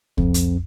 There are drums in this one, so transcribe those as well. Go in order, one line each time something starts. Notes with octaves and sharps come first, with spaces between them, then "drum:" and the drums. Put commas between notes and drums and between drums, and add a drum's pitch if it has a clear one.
F2, drum: kick C2
drum: hi-hat